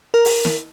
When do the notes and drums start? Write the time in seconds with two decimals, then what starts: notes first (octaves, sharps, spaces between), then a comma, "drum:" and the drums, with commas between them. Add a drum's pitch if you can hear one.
0.14 A#4
0.25 drum: open hi-hat
0.45 drum: snare